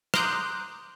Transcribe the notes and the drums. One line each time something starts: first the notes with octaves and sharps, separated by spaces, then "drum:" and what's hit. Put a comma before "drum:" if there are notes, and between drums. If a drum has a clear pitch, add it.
A#5 C6 D6 D#6 F#6 G6, drum: rim click